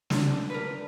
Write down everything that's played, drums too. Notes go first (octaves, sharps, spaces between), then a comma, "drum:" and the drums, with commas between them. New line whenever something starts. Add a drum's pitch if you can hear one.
D4, drum: snare
A#4 B4